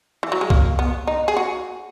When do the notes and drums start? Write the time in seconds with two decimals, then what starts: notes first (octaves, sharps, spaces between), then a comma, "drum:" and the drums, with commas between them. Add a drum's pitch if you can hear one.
0.23 E3
0.32 F#3
0.41 G#3
0.50 A#3, drum: kick C2
0.79 B3
1.07 D#4
1.28 G#4
1.37 F#4